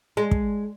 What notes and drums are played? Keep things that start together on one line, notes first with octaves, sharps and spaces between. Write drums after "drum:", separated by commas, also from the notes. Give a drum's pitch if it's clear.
G#3
drum: kick